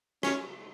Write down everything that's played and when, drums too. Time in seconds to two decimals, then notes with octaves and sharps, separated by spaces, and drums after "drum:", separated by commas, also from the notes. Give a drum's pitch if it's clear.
0.23 C#4, drum: rim click